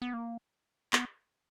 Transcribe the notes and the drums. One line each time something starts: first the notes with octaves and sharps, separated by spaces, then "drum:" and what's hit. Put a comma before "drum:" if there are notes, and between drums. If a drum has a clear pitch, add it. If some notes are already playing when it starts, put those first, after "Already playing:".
B3
A#3
B3, drum: clap